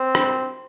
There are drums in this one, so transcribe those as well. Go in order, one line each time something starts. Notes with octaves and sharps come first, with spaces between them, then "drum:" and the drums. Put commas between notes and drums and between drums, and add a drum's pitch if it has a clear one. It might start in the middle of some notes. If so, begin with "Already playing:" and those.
Already playing: C4
drum: rim click